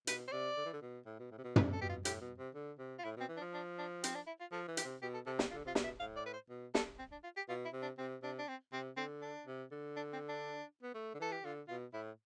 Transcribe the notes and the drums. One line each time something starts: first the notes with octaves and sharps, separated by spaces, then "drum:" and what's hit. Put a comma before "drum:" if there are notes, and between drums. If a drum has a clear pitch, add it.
B2 B4, drum: hi-hat
C5
C3 D5
D3
E3
D3
B2
A2
B2
A2
C3
B2
C3 B4, drum: tom
A4
B2 G4
F4
A2 G4, drum: hi-hat
B2
C3
D3
C3
F4
A2 E4
B2
C4
E3
D4
F3
D4
D4
C4, drum: hi-hat
D4
E4
F4
F3 A4
E3
G4, drum: hi-hat
C3
B2 G4
A4
C3 A4
G4, drum: snare
F4
D3
C3 F4
B2, drum: snare
E5
A2 F5
D5
B4
C5
B2
A4, drum: snare
C4
D4
F4
G4
B2 F4
E4
C3
D4
C3 C4
C3 D4
D4
C4
C3 C4
D3 C4
D4
C3
D3
D4
C4
D4
B3
A3
D3
E3 A4
G4
D3 F4
B2 F4
A2 E4